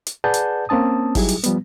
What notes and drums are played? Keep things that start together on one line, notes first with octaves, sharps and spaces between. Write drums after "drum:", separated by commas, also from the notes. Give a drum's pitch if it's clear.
drum: hi-hat
G#4 B4 D5 F#5 A5 G6
drum: hi-hat
A#3 C4 C#4 A5 D#6
F#3 G3 D#4 E4 G4 G#4, drum: kick G1, open hi-hat
drum: hi-hat
F3 G3 B3, drum: hi-hat